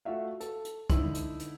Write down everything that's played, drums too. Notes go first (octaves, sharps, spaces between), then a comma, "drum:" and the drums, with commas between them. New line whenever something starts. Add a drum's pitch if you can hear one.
A3 F4 F#4 E5 F5
A4, drum: hi-hat
drum: hi-hat
D3 D#4 E4 E6 F#7, drum: kick, hi-hat
drum: hi-hat
drum: hi-hat